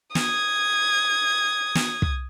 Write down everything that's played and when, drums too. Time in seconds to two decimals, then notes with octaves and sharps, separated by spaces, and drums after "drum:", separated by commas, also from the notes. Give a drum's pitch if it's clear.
0.15 D#6 G#6, drum: snare
1.75 drum: snare
2.02 drum: kick